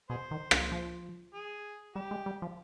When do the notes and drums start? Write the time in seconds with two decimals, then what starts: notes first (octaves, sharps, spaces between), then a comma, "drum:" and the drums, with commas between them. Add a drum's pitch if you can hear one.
0.10 B2 G#4 C5
0.31 D#3
0.51 drum: rim click
0.72 F3
1.34 G#4
1.95 G3 G4
2.11 G#3
2.26 G3
2.42 F3